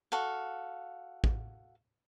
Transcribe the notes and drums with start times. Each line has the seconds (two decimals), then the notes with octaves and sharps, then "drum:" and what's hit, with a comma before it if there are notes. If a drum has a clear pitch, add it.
0.12 F#4 A4 F5
1.24 drum: kick